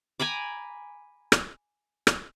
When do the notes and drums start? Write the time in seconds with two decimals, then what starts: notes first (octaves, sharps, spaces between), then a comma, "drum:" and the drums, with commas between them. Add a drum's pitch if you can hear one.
0.20 G#5 A#5 B5 D6
1.32 drum: rim click
2.07 drum: rim click